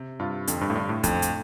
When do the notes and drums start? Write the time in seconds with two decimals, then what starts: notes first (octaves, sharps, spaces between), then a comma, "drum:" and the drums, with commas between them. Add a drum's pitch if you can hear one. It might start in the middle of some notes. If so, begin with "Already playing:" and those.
Already playing: C3
0.19 G2 F4
0.47 F2 D3, drum: hi-hat
0.61 G2
0.70 A2
0.75 G2 D3
0.89 A2
1.03 F2 A2, drum: kick, hi-hat
1.22 drum: hi-hat